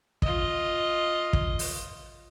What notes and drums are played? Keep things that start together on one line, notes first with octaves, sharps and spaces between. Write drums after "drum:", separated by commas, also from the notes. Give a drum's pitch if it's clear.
F4 D#5, drum: kick
drum: kick
drum: open hi-hat